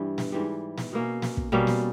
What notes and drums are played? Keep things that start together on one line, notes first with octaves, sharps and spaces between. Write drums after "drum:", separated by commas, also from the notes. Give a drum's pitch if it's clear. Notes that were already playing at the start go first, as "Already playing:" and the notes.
Already playing: G2 E3 G3
drum: snare
G#2 E3 G3
drum: snare
B2 A#3 C#4
drum: snare
drum: kick
B2 G3 A#3 C#4
drum: snare